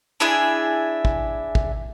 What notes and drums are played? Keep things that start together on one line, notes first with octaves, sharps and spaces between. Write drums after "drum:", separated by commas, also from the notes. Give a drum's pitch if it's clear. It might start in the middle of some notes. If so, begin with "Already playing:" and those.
D4 E4 G#4 E5
drum: kick
drum: kick